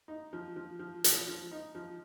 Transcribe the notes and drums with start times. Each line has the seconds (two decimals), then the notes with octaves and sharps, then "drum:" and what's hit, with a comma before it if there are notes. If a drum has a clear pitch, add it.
0.08 D#4
0.33 F3
0.56 F3
0.79 F3
1.04 F3, drum: hi-hat
1.27 F3
1.51 D#4
1.75 F3